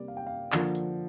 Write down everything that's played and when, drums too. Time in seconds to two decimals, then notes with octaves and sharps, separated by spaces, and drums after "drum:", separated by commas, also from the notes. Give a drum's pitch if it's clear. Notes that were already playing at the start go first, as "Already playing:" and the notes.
Already playing: C3 G3 A#3 D5
0.08 F5
0.17 G5
0.27 F5
0.52 D3 F3 A#3, drum: clap
0.75 drum: hi-hat